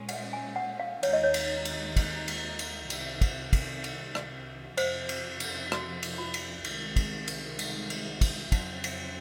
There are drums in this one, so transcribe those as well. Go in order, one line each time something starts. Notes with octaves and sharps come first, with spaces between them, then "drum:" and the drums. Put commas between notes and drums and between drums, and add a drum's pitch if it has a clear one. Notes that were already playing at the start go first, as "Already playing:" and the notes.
Already playing: A#2 G#3 C#4
F#5, drum: cymbal
G#5
F#5
F5
D#2 D#3 G#3 D#4 C#5, drum: cymbal
D#5
C#5
drum: cymbal
drum: cymbal
drum: kick, cymbal
drum: cymbal
drum: cymbal
C2 C3 D#3, drum: cymbal
drum: kick, cymbal
drum: kick, cymbal
drum: cymbal
drum: rim click
F2 C3 F3 C5, drum: cymbal
drum: cymbal
drum: cymbal
F#4, drum: rim click
drum: cymbal
F4
drum: cymbal
C2 C3 D#3 G#3, drum: cymbal
drum: kick, cymbal
drum: cymbal
drum: cymbal
drum: cymbal
drum: kick, cymbal
F2 C#3 F#3 C4 D#4, drum: kick, cymbal
drum: cymbal